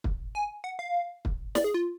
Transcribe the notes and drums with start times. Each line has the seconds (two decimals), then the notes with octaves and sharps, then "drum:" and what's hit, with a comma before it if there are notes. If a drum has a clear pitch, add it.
0.04 drum: kick
0.35 G#5
0.64 F#5
0.79 F5
1.25 drum: kick
1.55 D5, drum: snare
1.64 G#4
1.74 F4